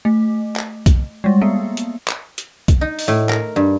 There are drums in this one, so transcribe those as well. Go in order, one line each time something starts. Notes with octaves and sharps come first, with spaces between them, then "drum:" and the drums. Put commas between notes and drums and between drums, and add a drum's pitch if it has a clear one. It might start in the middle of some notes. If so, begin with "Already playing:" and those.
A3
drum: clap
drum: kick, hi-hat
G3 G#3
A#3 B3
drum: hi-hat
drum: clap
drum: hi-hat
drum: kick, hi-hat
D#4
drum: open hi-hat
A2
A#4, drum: clap
G2